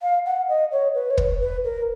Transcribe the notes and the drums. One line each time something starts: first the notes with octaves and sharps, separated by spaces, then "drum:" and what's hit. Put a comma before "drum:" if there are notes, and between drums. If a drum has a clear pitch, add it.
F5
F#5
D#5
C#5
B4
C#5
B4, drum: kick
B4
A#4